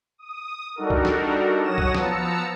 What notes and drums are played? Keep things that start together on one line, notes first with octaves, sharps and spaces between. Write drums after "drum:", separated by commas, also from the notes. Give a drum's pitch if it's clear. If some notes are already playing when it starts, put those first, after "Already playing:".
D#6
G3 D4 D#4 F#4 A4 A#4
drum: kick C2
drum: snare
F#3 C#5 F#5 D#6 A#6 E7
drum: kick C2
F3 B3 A5 A#5 E6 C#7, drum: snare